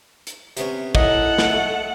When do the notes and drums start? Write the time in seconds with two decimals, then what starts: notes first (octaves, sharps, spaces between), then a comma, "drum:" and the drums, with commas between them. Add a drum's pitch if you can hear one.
0.27 drum: hi-hat
0.57 C3 B3 C#4, drum: hi-hat
0.95 A2 D#3 A4 D#5 F#5, drum: kick
1.38 drum: snare
1.50 A3